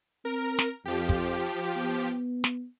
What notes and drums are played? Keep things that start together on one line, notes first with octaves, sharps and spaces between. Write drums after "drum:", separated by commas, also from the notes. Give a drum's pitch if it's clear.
C4 A#4
drum: snare
F2 F3 G4
drum: kick
B3
drum: snare